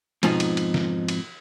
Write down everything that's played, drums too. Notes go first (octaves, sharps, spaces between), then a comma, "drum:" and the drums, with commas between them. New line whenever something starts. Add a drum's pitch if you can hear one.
F2 G#2 B2 F3 D#4, drum: cymbal
drum: cymbal
drum: cymbal
drum: snare
drum: cymbal